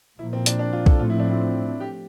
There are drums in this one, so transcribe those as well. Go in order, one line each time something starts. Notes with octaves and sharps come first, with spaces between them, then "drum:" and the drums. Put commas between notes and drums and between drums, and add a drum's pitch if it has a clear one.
A#2 F3 A#3 E4
C4
D4, drum: hi-hat
D4
F4
A4, drum: kick B1
A2 F3 A3 C4 F4
E4
D4
E4
G4